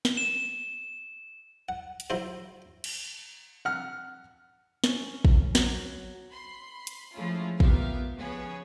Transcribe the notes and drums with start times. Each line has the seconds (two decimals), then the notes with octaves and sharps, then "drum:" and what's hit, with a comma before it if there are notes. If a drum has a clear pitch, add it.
0.05 drum: snare
0.17 E7
1.69 F#5
2.00 drum: hi-hat
2.10 F#3 E4 F4 C5
2.84 drum: cymbal
3.65 F#5 F6
4.84 C#4, drum: snare
5.25 drum: kick
5.55 F#3, drum: snare
6.30 B5 C6 C7
6.87 drum: hi-hat
7.13 F3 G#3 A3 C#4 E4 F4
7.60 B3 F4 G4 A#4 E5 F5, drum: kick
8.17 C#3 F3 B3 G#4 B4 C#5